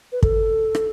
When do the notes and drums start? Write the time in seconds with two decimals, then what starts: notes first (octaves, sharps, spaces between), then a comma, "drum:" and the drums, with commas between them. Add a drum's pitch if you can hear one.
0.12 B4
0.23 A4, drum: kick
0.75 drum: rim click